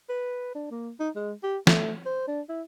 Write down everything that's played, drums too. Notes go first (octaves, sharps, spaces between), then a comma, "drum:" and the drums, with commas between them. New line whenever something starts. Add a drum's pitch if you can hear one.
B4
D4
A#3
D#4
G#3
G4
A3, drum: snare
C5
D4
E4